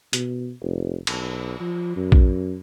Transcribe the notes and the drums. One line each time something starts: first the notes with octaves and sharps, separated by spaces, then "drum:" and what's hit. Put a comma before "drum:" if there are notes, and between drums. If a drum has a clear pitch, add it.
B2, drum: hi-hat
F1
B1, drum: cymbal
F3
F#2
drum: kick A#1